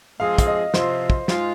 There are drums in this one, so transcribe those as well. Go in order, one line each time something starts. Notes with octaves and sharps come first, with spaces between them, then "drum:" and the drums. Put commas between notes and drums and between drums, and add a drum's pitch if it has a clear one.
F3 G#3 C4 G#4 F5
F5, drum: kick, hi-hat
D#5
C3 F3 C4 F4 C5, drum: snare
drum: kick
G#2 G#3 F4, drum: snare